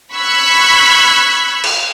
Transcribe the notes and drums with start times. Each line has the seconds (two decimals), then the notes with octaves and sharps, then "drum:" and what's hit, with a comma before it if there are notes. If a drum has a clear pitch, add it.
0.14 B5 C#6 E6 F#6 G#6 B6
1.64 drum: cymbal